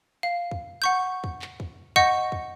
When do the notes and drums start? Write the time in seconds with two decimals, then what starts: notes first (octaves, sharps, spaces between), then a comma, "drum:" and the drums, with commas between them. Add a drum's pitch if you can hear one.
0.23 F5
0.51 drum: kick
0.82 F#5 C#6 G6
1.24 drum: kick
1.42 drum: clap
1.60 drum: kick
1.96 D#5 F#5 C#6 G6, drum: kick
2.32 drum: kick